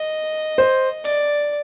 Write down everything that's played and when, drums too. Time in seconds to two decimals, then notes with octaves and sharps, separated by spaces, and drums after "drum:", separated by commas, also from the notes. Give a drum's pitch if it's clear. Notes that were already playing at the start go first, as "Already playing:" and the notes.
Already playing: D#5
0.58 C5
1.05 D5, drum: open hi-hat